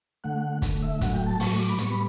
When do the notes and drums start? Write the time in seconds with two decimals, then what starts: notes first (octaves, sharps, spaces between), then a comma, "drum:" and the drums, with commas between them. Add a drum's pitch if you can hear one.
0.24 D3 A3 F#5
0.62 D3 A3, drum: kick, hi-hat
0.82 E5
1.01 A2 F#3 A3 F#5, drum: kick, hi-hat
1.14 G5
1.26 A5
1.40 A2 F#3 A3 C#6, drum: open hi-hat
1.59 D6
1.69 B5
1.78 A2 G3 B3 C#6, drum: hi-hat
1.91 B5